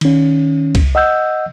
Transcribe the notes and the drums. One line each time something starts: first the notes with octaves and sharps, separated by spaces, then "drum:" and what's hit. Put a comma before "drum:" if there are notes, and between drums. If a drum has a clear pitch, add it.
D#3 C#4, drum: cymbal
drum: kick, cymbal
D#5 F#5 E6 G6